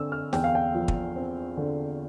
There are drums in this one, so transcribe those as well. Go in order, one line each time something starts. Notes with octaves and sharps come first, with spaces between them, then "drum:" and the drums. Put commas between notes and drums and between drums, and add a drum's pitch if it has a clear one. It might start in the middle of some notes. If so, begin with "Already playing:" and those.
Already playing: D3 C4 E6
F6
E2 G5, drum: snare
F5
G5
F3
drum: kick
C4
D3